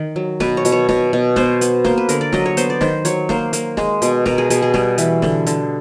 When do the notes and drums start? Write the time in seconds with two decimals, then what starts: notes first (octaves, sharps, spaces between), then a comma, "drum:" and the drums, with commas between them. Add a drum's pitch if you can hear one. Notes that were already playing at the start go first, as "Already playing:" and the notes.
Already playing: D#3
0.16 F#3
0.40 B2 B4, drum: snare
0.57 C#5
0.65 B2, drum: hi-hat
0.72 C#5
0.89 B2 C#5, drum: snare
1.13 B2
1.36 B3 C5, drum: snare
1.61 B3, drum: hi-hat
1.85 A#3 C5, drum: snare
1.98 B4
2.09 D3 A#4, drum: hi-hat
2.21 D5
2.32 F#3 D#5, drum: snare
2.46 C#5
2.57 B3 C5, drum: hi-hat
2.70 D5
2.81 D#3 C5, drum: snare
3.05 F#3 C#5, drum: hi-hat
3.29 A#3 C5, drum: snare
3.53 A#3, drum: hi-hat
3.77 G#3, drum: snare
4.02 B2, drum: hi-hat
4.26 B2 A#4, drum: snare
4.38 G#4
4.50 B2 G#4, drum: hi-hat
4.62 G#4
4.74 G3 G#4, drum: snare
4.98 E3, drum: hi-hat
5.22 D3, drum: snare
5.47 D3, drum: hi-hat